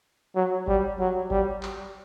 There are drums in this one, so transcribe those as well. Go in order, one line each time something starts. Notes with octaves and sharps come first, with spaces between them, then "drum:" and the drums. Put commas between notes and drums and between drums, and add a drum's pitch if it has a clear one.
F#3
G3, drum: kick G#1
F#3
G3, drum: kick G#1
drum: clap